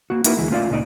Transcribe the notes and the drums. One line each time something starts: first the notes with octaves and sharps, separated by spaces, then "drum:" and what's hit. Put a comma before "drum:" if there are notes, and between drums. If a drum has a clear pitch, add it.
A#3 F#4
A#3 D#4 E4 F#4 A#4 B4, drum: hi-hat
D2 E3 G#3
A3 C#4 F4 B4 D5 F5
C#2 A#2 D#4 D5